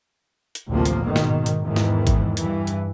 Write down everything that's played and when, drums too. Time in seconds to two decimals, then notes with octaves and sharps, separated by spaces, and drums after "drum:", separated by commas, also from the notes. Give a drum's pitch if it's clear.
0.55 drum: hi-hat
0.68 A1 D2 C3 F3 A#3
0.85 drum: hi-hat
1.02 G#2 B2 D#3
1.16 drum: snare
1.46 drum: hi-hat
1.63 E2 G#2 D#3 E3
1.76 drum: snare
2.07 drum: kick G#1, hi-hat
2.37 G2 E3, drum: hi-hat
2.67 drum: hi-hat